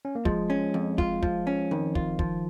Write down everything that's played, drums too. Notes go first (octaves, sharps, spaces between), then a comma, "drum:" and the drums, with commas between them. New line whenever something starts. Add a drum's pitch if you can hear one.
C#4
A#3
F3 G#3, drum: kick
C#4
F2
F4, drum: kick
F3, drum: kick
C#4
F2 D#3
F4, drum: kick
F3, drum: kick